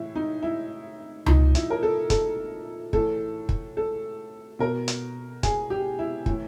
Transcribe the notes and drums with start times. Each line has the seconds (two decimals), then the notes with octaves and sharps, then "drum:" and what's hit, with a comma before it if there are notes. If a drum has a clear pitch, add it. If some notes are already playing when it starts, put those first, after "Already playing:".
Already playing: A2 E3 E4
0.15 D#4
0.43 E4
1.26 A#2 F3 D#4, drum: tom C#2
1.55 E4, drum: hi-hat
1.70 A#4
1.83 A4
2.10 A4, drum: kick, hi-hat
2.93 A2 E3 A4, drum: kick
3.49 drum: kick
3.77 A4
4.59 B2 A#4
4.88 drum: hi-hat
5.43 G#4, drum: kick, hi-hat
5.70 G4
5.99 E4
6.26 A2 E3, drum: kick